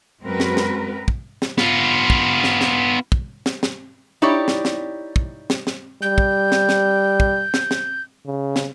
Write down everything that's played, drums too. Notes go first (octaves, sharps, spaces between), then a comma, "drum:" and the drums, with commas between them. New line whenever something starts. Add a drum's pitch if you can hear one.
F#2 G#3 C4 F#4 A#4 B4
drum: snare
drum: snare
drum: kick
drum: snare
B3 F4, drum: snare
drum: kick
drum: snare
drum: snare
drum: kick
drum: snare
drum: snare
D#4 E4 G4 C#5 D5
drum: snare
drum: snare
drum: kick
drum: snare
drum: snare
G3 G6
drum: kick
drum: snare
drum: snare
drum: kick
drum: snare
drum: snare
C#3
drum: snare